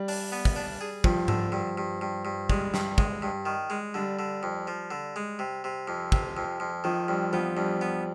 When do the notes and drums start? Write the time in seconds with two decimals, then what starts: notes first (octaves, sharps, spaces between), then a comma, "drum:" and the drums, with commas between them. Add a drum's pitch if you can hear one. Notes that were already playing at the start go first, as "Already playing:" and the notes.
Already playing: G3
0.08 D4, drum: open hi-hat
0.32 B3
0.45 drum: kick
0.56 D4
0.81 G#4
1.04 G2 F3, drum: kick
1.28 D3, drum: tom G#2
1.52 G2
1.78 G2
2.01 G2
2.25 G2
2.50 G3 G#3, drum: kick
2.74 G2, drum: snare
2.98 G#3, drum: kick
3.22 G2
3.46 D#3
3.70 G#3
3.94 D3 G3
4.19 D3
4.43 F2
4.67 F3
4.91 D3
5.16 G#3
5.39 C3
5.64 C3
5.88 F2
6.12 C3, drum: kick
6.37 F2
6.60 F2
6.84 D#3 F3
7.08 F2 G3
7.33 F3 B3
7.56 F2 G3
7.81 B3